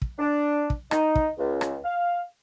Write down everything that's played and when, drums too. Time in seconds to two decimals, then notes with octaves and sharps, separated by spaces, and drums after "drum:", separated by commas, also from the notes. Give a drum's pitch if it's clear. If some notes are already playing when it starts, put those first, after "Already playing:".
0.02 drum: kick
0.19 D4
0.70 drum: kick
0.91 D#4, drum: rim click
1.15 drum: kick
1.38 C#2
1.61 drum: rim click
1.84 F5